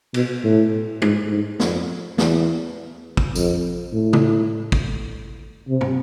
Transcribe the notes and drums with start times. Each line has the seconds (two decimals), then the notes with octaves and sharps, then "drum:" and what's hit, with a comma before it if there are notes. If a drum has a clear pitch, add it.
0.14 B2, drum: cymbal
0.44 A2
1.02 G#2, drum: tom
1.31 G#2
1.60 F2, drum: snare
2.18 E2, drum: snare
3.17 drum: kick
3.35 F2, drum: tambourine
3.93 A2
4.13 drum: tom
4.72 drum: kick
5.69 C3
5.81 drum: tom